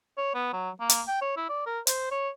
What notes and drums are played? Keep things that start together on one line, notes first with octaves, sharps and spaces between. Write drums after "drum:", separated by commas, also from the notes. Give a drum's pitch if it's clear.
C#5
B3
F#3
A#3
drum: hi-hat
G5
C#5
E4
D5
A#4
C5, drum: hi-hat
C#5